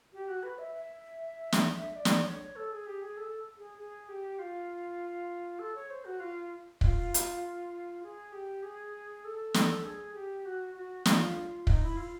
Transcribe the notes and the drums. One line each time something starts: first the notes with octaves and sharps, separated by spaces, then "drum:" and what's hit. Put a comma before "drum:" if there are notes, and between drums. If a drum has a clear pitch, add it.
G4
F#4
B4
E5
E5
drum: snare
D5
drum: snare
C#5
A4
G#4
G4
G#4
A4
G#4
G#4
G4
F4
A4
C#5
C5
F#4
F4
F4, drum: kick
drum: hi-hat
G#4
G4
G#4
A4
drum: snare
G#4
G4
F#4
F#4
F4, drum: snare
D#4, drum: kick
E4
F4